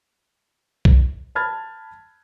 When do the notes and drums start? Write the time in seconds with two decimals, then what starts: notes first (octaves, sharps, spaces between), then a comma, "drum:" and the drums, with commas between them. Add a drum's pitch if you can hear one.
0.85 drum: kick B1
1.35 A5 B5 F6 G#6 A6